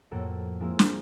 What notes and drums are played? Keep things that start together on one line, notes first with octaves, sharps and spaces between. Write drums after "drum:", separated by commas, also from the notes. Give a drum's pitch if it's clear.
F2 A2 A#3 F#4 A4
F3 G#3 A#3 C4 E4
drum: snare